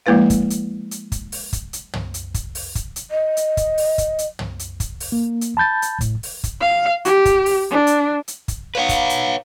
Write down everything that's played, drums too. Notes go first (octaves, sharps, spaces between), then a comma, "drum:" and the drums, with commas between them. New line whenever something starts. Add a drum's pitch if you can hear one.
F3 G#3 A#3 E4 B4 F5
drum: kick, hi-hat
drum: hi-hat
drum: hi-hat
drum: kick, hi-hat
drum: open hi-hat
drum: kick, hi-hat
drum: hi-hat
drum: tom
drum: hi-hat
drum: kick, hi-hat
drum: open hi-hat
drum: kick, hi-hat
drum: hi-hat
D#5
drum: hi-hat
drum: kick, hi-hat
drum: open hi-hat
drum: kick, hi-hat
drum: hi-hat
drum: tom
drum: hi-hat
drum: kick, hi-hat
drum: open hi-hat
A#3
drum: hi-hat
A5 B5 G6 A6
drum: hi-hat
A2, drum: kick, hi-hat
drum: open hi-hat
drum: kick, hi-hat
F5
G4, drum: hi-hat
drum: kick, hi-hat
drum: open hi-hat
D4
drum: hi-hat
drum: hi-hat
drum: kick, hi-hat
B4 C#5 F5 F#5
drum: kick, hi-hat
drum: hi-hat